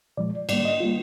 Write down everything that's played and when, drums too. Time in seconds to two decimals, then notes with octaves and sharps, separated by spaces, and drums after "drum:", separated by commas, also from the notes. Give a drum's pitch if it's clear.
0.17 A#2 F3 G#3 D5
0.49 G#2 G3 A#3 D5, drum: cymbal
0.60 D5
0.65 D#5
0.80 G3 A#3 F4